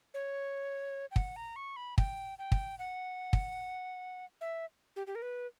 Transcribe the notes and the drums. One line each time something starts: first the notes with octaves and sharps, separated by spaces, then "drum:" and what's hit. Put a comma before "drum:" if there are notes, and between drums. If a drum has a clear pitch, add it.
C#5
G5
F#5, drum: kick
A#5
C#6
B5
G5, drum: kick
G5
drum: kick
F#5
drum: kick
E5
G4
G4
A#4
B4